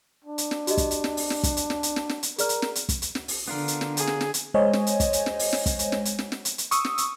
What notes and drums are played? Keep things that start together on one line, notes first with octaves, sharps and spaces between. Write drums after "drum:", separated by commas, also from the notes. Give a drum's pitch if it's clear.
D4
drum: hi-hat
drum: snare
F#4 G4 D#5, drum: hi-hat
drum: kick, hi-hat
drum: hi-hat
drum: snare
drum: open hi-hat
drum: snare
drum: kick, hi-hat
drum: hi-hat
drum: snare
drum: hi-hat
drum: snare
drum: snare
drum: hi-hat
G#4 A#4 D5 F6, drum: hi-hat
drum: hi-hat
drum: snare
drum: hi-hat
drum: kick, hi-hat
drum: hi-hat
drum: snare
drum: open hi-hat
D3 B3 F4 A#4
drum: hi-hat
drum: snare
G#4, drum: hi-hat
drum: snare
drum: snare
drum: hi-hat
G#3 C5 C#5 D#5 G#5
drum: snare
drum: hi-hat
drum: kick, hi-hat
drum: hi-hat
drum: snare
drum: open hi-hat
drum: snare
drum: kick, hi-hat
drum: hi-hat
drum: snare
drum: hi-hat
drum: snare
drum: snare
drum: hi-hat
drum: hi-hat
C#6 D#6 E6, drum: hi-hat
drum: snare
drum: hi-hat